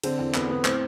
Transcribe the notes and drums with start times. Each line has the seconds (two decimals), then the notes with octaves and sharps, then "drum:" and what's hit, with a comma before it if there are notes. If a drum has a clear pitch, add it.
0.03 D3 C4, drum: cymbal
0.19 E2 C4
0.34 E2 B3, drum: clap
0.50 D3 B3
0.65 A2 C4, drum: clap